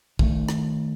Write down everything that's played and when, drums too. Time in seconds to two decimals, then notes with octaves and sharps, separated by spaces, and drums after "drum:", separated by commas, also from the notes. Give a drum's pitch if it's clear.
0.19 D#3 A3, drum: kick
0.49 drum: rim click